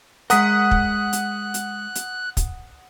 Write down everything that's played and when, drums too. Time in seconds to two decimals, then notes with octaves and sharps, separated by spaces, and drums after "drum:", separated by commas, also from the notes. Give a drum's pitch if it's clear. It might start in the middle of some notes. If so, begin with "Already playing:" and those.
0.30 G#3 A#4 F#5 D#6 F#6 B6, drum: hi-hat
0.71 drum: kick
1.13 drum: hi-hat
1.54 drum: hi-hat
1.95 drum: hi-hat
2.37 drum: kick, hi-hat